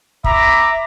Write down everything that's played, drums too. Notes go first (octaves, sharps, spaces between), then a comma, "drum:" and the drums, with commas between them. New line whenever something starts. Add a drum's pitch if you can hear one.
E5 A#5 B5 D6, drum: kick